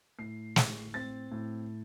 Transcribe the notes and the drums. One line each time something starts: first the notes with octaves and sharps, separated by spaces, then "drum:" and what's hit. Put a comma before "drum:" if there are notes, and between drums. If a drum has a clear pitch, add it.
A2 C7
A2, drum: snare
C4 A6
A2